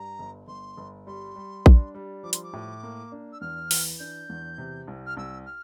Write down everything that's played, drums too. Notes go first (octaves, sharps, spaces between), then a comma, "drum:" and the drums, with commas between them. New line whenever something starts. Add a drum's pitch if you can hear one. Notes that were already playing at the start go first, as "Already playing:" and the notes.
Already playing: G2 A#5
G1
G1 C6
G1
G3 C6
G3
D4, drum: kick A#1
G3
F3 D6
C6, drum: hi-hat
D6
A2
A#3
D4
E6
E2 F6
E3, drum: open hi-hat
D4 G6
E2
C3
C2
F6
C2 E6
F6